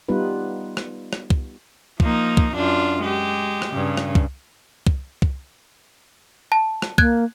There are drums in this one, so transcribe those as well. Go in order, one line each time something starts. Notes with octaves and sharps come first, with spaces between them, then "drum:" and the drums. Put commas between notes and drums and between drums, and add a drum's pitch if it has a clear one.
G3 B3 D#4 F4 B4
drum: rim click
drum: rim click
drum: kick
F3 A#3 D#4, drum: kick
drum: kick
F#2 D4 F4
G#3 G4
drum: rim click
G2 C#3
drum: rim click
drum: kick
drum: kick
drum: kick
A5
drum: rim click
A#3 F#6 G#6, drum: kick